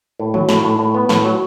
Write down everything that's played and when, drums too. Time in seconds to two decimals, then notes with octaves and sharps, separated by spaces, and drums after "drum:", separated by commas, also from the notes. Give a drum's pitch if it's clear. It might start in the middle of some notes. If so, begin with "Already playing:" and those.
0.19 A2
0.34 F#3, drum: tom
0.49 A2, drum: snare
0.64 A2
0.79 A2
0.94 B3
1.09 A2, drum: snare
1.25 F#3